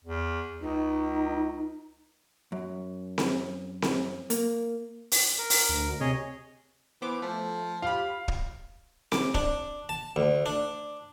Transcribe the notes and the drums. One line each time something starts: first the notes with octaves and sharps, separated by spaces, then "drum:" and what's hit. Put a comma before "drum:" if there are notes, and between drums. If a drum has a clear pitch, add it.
E2
C#2 D#4
F#2
drum: snare C4
drum: snare C4
A#3, drum: hi-hat
drum: open hi-hat
A#4
drum: open hi-hat
D2
C3 G#4 C#5 D#5
E3 B3 C5 D6
F3 A3
F4 G4 F5 B5
drum: kick
D6, drum: snare C4
D4, drum: kick
A5
D2
D4